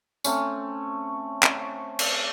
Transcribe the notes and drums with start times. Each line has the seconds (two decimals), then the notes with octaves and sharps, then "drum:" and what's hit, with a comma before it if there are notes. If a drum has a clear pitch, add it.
0.24 A3 C4 C#4, drum: tambourine
1.43 drum: clap
1.99 drum: cymbal